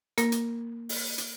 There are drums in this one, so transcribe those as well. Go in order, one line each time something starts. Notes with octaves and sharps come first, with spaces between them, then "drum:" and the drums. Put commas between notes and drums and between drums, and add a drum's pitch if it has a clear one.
A#3 A#4, drum: hi-hat
drum: hi-hat
drum: open hi-hat
drum: hi-hat